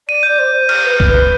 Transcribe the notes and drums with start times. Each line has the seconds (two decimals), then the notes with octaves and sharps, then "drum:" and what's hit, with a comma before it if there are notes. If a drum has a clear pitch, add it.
0.08 D5 D#7
0.23 D5 G6
0.39 C5
0.69 F6, drum: cymbal
0.85 B4
1.00 B4, drum: kick B1